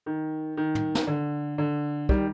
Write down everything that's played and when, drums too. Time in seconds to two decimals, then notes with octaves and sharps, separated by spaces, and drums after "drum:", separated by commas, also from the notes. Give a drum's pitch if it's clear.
0.06 D#3
0.57 D#3
0.75 drum: tom
0.95 drum: snare
1.07 D3
1.58 D3
2.09 D#3 G3, drum: kick